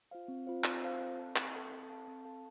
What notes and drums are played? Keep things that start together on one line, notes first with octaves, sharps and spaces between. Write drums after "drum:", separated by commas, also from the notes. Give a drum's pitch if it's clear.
F4 C5 F5
C4
F4 C5 F5
C4, drum: clap
F4 C5 F5
C4
A4 F5 A5
C4, drum: clap
A4 F5 A5
C4
A4 F5 A5
C4
A4 F5 A5